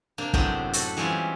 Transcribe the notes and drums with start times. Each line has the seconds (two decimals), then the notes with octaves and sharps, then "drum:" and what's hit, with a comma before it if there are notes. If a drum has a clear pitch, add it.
0.18 C3 A#3 D4
0.33 F#2 A2 C3 B3 C4 D4, drum: kick
0.73 F#4 A4 B4, drum: hi-hat
0.97 E3 G3 G#3 C4 C#4 F4